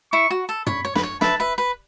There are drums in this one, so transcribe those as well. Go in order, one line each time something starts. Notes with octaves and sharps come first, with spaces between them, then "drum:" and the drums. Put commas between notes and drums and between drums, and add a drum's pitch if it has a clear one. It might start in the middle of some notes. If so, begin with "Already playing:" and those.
E4 C#6
F#4
A4
C#5 B5, drum: tom
C#5
B4, drum: snare
C#5
B4 E5 A5, drum: snare
B4 E5
B4